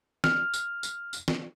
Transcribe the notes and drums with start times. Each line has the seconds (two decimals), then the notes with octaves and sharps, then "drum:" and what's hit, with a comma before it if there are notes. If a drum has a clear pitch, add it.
0.24 F6, drum: snare
0.53 drum: tambourine
0.83 drum: tambourine
1.13 drum: tambourine
1.28 drum: snare